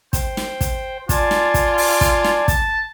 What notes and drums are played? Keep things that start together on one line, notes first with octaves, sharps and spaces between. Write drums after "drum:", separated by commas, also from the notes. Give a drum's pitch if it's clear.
C5 G5, drum: kick, hi-hat
drum: snare
drum: kick, hi-hat
F4 D5 G#5 A5, drum: kick, hi-hat
drum: snare
drum: kick, hi-hat
drum: open hi-hat
drum: kick, hi-hat
drum: snare
A5, drum: kick, hi-hat